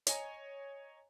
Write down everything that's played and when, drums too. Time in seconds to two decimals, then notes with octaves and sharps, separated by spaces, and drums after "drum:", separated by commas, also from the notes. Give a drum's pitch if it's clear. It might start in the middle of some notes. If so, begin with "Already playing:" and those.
0.07 C#5 D#5 G#5 A#5, drum: hi-hat